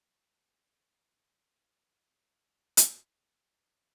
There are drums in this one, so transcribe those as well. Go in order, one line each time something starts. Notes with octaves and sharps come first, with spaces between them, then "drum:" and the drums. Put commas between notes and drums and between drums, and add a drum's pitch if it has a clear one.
F1 A#1 E2 A#2 D3 E3
drum: hi-hat
D#4 G#4 A#4 F5 D6 D#6